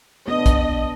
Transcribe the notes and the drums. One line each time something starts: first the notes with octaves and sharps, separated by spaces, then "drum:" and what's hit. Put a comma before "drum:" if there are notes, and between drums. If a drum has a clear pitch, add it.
B3 D4 D#5
drum: kick, hi-hat